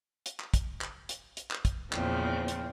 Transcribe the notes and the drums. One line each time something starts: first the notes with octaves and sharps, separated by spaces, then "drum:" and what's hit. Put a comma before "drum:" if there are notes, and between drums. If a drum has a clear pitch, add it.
drum: hi-hat
drum: clap
drum: kick, hi-hat
drum: clap
drum: hi-hat
drum: hi-hat
drum: clap
drum: kick, hi-hat
E2 A#2 C#3 F3 C4, drum: clap
drum: hi-hat